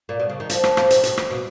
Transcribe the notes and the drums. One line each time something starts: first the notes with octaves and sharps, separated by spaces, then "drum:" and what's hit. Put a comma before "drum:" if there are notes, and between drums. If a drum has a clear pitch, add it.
A#2
B2
C#3
D#3
F3, drum: hi-hat
F3, drum: rim click
F3, drum: rim click
D#3, drum: hi-hat
B2, drum: hi-hat
drum: rim click
B2